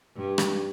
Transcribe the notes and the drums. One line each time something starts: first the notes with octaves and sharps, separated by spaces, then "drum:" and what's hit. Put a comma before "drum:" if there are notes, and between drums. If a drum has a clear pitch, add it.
G2
drum: rim click